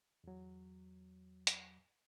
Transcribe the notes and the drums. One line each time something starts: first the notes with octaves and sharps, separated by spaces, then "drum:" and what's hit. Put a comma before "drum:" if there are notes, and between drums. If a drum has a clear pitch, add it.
E2 F#3
drum: hi-hat